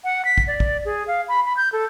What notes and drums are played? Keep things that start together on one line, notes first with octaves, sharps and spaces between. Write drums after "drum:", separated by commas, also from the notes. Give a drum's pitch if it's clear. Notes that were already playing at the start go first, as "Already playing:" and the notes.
F#5
B6
drum: kick
D5
drum: kick
G#4
F5
B5
B5
G6
A4